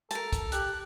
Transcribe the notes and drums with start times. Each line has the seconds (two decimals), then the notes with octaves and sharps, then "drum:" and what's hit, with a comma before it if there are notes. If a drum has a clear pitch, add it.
0.11 A4 A#4 A5, drum: hi-hat
0.33 drum: kick, hi-hat
0.52 G4 F#6, drum: hi-hat